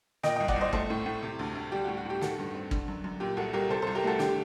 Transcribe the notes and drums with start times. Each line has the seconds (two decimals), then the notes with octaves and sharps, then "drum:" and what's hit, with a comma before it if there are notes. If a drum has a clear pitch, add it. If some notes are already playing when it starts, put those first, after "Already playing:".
0.23 A#2 D#5 G5, drum: snare
0.36 D#5 G5
0.40 C2
0.48 D5 F#5, drum: kick
0.56 C2 C5 D#5
0.73 A3 A4 C5, drum: kick
0.90 A2
1.06 A2
1.22 C3
1.39 D2
1.55 D2
1.72 G3 G4
1.84 F#4
1.88 A2
1.97 F#4
2.05 A2 G4
2.21 D#3 F#4 A4, drum: snare
2.38 G2
2.55 C4
2.71 D3, drum: kick
2.88 F#2
3.04 F#2
3.20 A#2 G4
3.37 C2 F#4 A4
3.53 C2 G4 A#4
3.70 C3 A4 C5
3.82 A4 C5
3.87 C2
3.95 G4 A#4
4.04 A3 F#4 A4
4.19 D3 G4, drum: snare